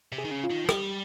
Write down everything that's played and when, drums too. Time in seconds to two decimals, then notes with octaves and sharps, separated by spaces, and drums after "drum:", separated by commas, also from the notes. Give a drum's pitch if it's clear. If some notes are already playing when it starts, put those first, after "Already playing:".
0.12 C3
0.18 G#4
0.24 D#3
0.31 C#3
0.44 F4
0.50 D#3
0.64 F3
0.69 G3 G4, drum: rim click